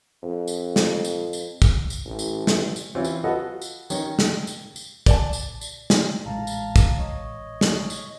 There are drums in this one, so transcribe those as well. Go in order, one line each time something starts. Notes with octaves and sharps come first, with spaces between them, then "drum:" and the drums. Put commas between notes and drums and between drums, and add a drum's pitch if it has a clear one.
F2
drum: tambourine
drum: snare
drum: tambourine
drum: tambourine
drum: kick, tambourine
drum: tambourine
A1
drum: tambourine
drum: snare
drum: tambourine
E3 C4 C#4 E4 F4
drum: tambourine
F4 F#4 A4 B4 D#5 F#5
drum: tambourine
D#3 C#4 D#4, drum: tambourine
drum: snare
drum: tambourine
drum: tambourine
D5 A5, drum: kick, tambourine
drum: tambourine
drum: tambourine
drum: snare
A1 A#2 G#3 F5 A5 A#5
drum: tambourine
drum: kick, tambourine
C#5 D#5
drum: snare
drum: tambourine